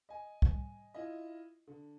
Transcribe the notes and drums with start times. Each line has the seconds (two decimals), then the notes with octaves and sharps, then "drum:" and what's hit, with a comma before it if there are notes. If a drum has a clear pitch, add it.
0.09 D#5 G#5
0.42 drum: kick
0.94 E4 F4 D#5
1.67 D3